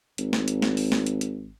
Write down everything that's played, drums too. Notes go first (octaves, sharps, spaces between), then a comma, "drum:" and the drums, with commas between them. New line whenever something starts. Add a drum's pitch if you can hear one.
G#1, drum: hi-hat
drum: snare
drum: hi-hat
drum: snare
drum: open hi-hat
drum: snare
drum: hi-hat
drum: hi-hat